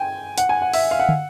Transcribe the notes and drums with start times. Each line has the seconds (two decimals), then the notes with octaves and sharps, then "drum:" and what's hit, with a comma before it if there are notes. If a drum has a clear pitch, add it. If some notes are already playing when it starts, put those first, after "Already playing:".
Already playing: G5 G#5
0.38 F#5, drum: hi-hat
0.49 G#5
0.62 F#5
0.73 E5, drum: open hi-hat
0.91 F5
0.99 F#5
1.09 drum: tom